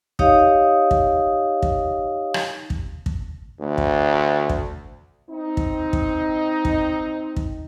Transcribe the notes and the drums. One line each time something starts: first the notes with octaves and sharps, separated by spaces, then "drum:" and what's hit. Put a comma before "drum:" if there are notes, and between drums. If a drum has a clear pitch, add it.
D#4 G4 C#5 D#5 F5 D#6, drum: kick
drum: kick
drum: kick
drum: rim click
drum: kick
drum: kick
D2
drum: kick
drum: kick
C4 D#4
drum: kick
drum: kick
drum: kick
drum: kick